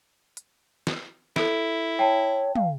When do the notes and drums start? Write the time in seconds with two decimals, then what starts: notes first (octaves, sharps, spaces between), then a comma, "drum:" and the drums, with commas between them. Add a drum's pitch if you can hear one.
0.37 drum: hi-hat
0.87 drum: snare
1.36 E4 A4 D7, drum: snare
1.99 C#5 G5 A5
2.55 F5, drum: tom